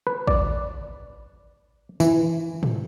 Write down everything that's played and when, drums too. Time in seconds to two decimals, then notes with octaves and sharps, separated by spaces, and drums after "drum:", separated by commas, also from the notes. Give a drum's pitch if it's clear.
0.07 B4
0.27 D5, drum: kick
2.00 E3, drum: tambourine
2.63 drum: tom